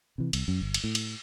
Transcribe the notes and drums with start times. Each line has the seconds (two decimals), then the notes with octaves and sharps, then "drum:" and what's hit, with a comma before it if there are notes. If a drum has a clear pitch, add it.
0.18 C3 E3
0.33 C2, drum: cymbal
0.48 F#2
0.61 G1
0.74 drum: cymbal
0.84 A2
0.95 drum: cymbal